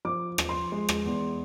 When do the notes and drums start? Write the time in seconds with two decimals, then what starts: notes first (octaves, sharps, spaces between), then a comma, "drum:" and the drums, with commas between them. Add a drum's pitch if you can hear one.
0.05 F3 D6
0.38 F3, drum: rim click
0.49 C6
0.72 G#3
0.89 drum: rim click
1.06 E2